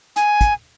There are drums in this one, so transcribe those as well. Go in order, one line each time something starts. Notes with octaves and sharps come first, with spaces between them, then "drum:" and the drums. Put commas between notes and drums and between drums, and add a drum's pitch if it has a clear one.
G#5, drum: hi-hat
drum: kick, hi-hat